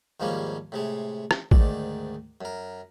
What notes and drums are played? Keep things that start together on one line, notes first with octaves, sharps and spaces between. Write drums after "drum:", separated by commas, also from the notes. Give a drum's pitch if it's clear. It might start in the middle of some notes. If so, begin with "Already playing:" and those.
D#2 G#2 F3 G3 A#3 C#4
A2 C3 G#3
drum: rim click
D2 G#2 D#3 D5, drum: kick A1
F#2 A#4